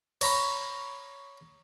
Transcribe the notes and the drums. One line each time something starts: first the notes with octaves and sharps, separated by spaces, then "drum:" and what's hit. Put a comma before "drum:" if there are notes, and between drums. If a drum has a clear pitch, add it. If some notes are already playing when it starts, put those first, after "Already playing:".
C#5 A#5 B5 C#6, drum: cymbal